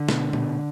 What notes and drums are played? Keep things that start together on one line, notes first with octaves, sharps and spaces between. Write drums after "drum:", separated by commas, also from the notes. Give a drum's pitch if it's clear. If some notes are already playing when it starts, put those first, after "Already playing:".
Already playing: D3
B2, drum: snare
B2, drum: tom A#2